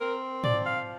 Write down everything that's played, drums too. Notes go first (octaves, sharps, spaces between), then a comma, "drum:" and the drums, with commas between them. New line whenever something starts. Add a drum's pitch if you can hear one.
C4 A#4
F3 D5, drum: tom
F5